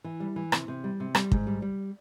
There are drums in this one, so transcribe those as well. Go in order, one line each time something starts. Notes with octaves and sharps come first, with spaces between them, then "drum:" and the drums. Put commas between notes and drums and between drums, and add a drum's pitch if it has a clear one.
E3
G3
E3
C3, drum: rim click
C3
G3
C3
G3, drum: rim click
G#2, drum: kick
G3
G3